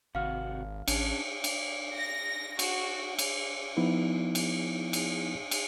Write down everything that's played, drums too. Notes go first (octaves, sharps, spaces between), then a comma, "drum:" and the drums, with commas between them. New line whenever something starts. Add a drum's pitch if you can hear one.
G#1 C3 F#4 F5 F6
A1 C#4 D4, drum: cymbal
drum: cymbal
A#6
F#4, drum: cymbal
drum: cymbal
F3 B3 D#4 E4
drum: cymbal
drum: cymbal
drum: cymbal